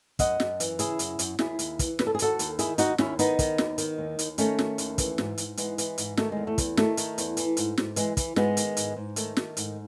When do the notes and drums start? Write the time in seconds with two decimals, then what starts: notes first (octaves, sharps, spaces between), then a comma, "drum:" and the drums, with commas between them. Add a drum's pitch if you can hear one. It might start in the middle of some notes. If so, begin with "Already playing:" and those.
0.19 F#2 D#5 F#5, drum: kick, hi-hat
0.40 F#2, drum: snare
0.60 E3, drum: hi-hat
0.79 C#3 E4 G#4, drum: hi-hat
0.99 F#2, drum: hi-hat
1.19 F#2, drum: hi-hat
1.39 D#2 E4 G#4, drum: snare
1.59 D#2, drum: hi-hat
1.79 E3, drum: kick, hi-hat
1.99 C#3 B4, drum: snare
2.07 A4
2.15 G#4
2.19 D#2 F#4 A4, drum: hi-hat
2.39 D#2, drum: hi-hat
2.59 D#3 E4 G#4, drum: hi-hat
2.78 D#2 D#4 F#4, drum: hi-hat
2.98 D#2 C#4 E4, drum: snare
3.19 D#3 B3 D#4, drum: hi-hat
3.39 D#3, drum: kick, hi-hat
3.58 D#2, drum: snare
3.78 D#3, drum: hi-hat
3.98 D#2
4.19 D#2, drum: hi-hat
4.38 D#3 A3 C#4, drum: hi-hat
4.59 D#3, drum: snare
4.78 D#2, drum: hi-hat
4.98 E3, drum: kick, hi-hat
5.18 G#2, drum: snare
5.38 G#2, drum: hi-hat
5.57 E3 G#3 B3, drum: hi-hat
5.78 E3, drum: hi-hat
5.98 G#2, drum: hi-hat
6.17 D#3 A3, drum: snare
6.32 E2 G#3
6.47 A3
6.58 E2, drum: kick, hi-hat
6.77 D#3 A3, drum: snare
6.97 D#3, drum: hi-hat
7.18 E2, drum: hi-hat
7.37 E3, drum: hi-hat
7.57 G#2, drum: hi-hat
7.78 G#2, drum: snare
7.96 E3 G#3, drum: hi-hat
8.17 E3, drum: kick, hi-hat
8.36 G#2 G#3 B3, drum: snare
8.57 D#3, drum: hi-hat
8.77 G#2, drum: hi-hat
8.97 G#2
9.16 D#3 A3, drum: hi-hat
9.37 D#3, drum: snare
9.57 G#2, drum: hi-hat